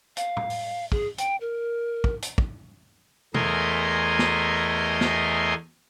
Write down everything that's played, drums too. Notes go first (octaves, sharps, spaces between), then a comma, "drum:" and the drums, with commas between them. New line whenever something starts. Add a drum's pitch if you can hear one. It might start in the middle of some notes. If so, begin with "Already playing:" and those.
F5, drum: hi-hat
drum: tom
drum: open hi-hat
G#4, drum: kick
G5, drum: hi-hat
A#4
drum: kick
drum: hi-hat
drum: kick
E2 A3 A#4 D#5 G#5 C6, drum: tom
drum: snare
drum: snare